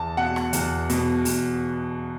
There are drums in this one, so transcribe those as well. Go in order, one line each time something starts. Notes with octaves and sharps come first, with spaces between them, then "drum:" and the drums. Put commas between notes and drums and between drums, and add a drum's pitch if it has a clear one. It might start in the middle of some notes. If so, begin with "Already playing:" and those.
Already playing: E2 A5
B2 F#5
drum: rim click
E2, drum: hi-hat
B2, drum: hi-hat
E2, drum: open hi-hat